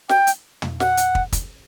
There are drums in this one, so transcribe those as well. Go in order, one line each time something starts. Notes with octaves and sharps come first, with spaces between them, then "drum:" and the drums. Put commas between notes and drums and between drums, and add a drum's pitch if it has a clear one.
G5, drum: snare
drum: hi-hat
drum: tom
F#5, drum: snare
drum: hi-hat
drum: kick
drum: kick, hi-hat